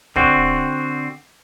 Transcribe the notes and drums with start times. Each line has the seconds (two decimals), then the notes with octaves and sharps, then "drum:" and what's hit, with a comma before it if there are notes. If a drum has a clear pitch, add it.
0.16 D3 C4 F#4, drum: kick